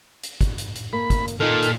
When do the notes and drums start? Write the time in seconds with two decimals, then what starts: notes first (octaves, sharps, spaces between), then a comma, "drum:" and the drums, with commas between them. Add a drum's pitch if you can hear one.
0.23 drum: hi-hat
0.41 drum: kick, hi-hat
0.58 drum: hi-hat
0.75 drum: hi-hat
0.93 A#3 B5
1.10 drum: kick, hi-hat
1.28 drum: hi-hat
1.40 A#2 D#3 D#4 F4 A4 F6
1.62 drum: hi-hat